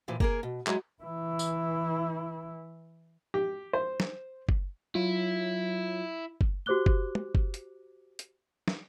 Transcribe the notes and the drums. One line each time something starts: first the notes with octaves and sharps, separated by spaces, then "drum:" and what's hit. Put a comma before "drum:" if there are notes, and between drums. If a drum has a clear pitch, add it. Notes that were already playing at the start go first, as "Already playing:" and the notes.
A#2 E3 F3
A#3 G#4 A#4, drum: kick F#1
B2
F#3 G#3 E4, drum: clap
E3 E4
drum: tambourine
G4
C5
drum: snare
drum: kick F#1
F#3 E4 F4
drum: kick F#1
F#4 G4 C5 D6 F#6 G7
drum: kick F#1
drum: tom
drum: kick F#1
drum: hi-hat
drum: hi-hat
drum: snare